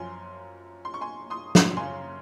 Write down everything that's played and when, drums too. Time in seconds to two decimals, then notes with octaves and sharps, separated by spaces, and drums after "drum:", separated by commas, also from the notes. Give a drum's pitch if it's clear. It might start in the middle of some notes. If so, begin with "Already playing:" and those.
Already playing: F#2 F3 G#5 C6
0.85 C6
0.94 C#6
1.01 G#5 C6
1.30 C6 D#6
1.55 drum: snare
1.77 F#2 C#3 F3 G#5 C6